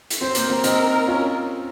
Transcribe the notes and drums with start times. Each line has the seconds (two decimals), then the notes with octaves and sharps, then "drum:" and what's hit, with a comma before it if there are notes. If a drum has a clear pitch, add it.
0.10 drum: hi-hat
0.21 C4 C5
0.35 A#3, drum: hi-hat
0.50 C4 A#4
0.64 C4 D#4, drum: hi-hat
1.07 C#4 F4